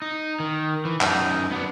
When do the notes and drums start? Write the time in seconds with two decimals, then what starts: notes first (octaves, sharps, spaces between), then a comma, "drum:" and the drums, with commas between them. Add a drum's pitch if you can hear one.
0.02 D#4
0.40 D#3
0.85 E3
1.01 F#2 D#4, drum: clap
1.51 B3 D4